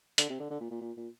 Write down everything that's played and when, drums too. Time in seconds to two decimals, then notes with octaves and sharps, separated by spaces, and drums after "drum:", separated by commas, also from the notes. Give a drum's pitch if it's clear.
0.18 D3, drum: hi-hat
0.29 C3
0.39 D3
0.50 D3
0.60 A#2
0.71 A#2
0.81 A#2
0.97 A#2